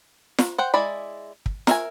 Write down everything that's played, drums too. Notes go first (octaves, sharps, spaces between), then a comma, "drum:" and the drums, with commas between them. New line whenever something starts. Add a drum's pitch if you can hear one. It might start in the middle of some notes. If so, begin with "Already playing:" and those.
drum: snare
C5 F#5 G5
G#3 E4 D5 B5
drum: kick
A#4 E5 G#5, drum: snare